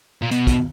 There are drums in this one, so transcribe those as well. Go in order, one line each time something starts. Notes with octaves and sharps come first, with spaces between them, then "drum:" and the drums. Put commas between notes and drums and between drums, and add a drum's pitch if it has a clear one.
A#2
B2, drum: hi-hat
drum: kick, hi-hat